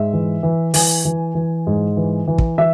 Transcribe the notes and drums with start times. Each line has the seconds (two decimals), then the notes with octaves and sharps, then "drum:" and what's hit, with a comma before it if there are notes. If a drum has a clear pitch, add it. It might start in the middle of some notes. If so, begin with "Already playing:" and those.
Already playing: G#2 E5
0.13 E3
0.43 E3
0.74 E3 G#5, drum: open hi-hat
1.05 E3
1.35 E3
1.67 G#2
1.97 E3
2.27 E3
2.38 drum: kick
2.58 E3 E5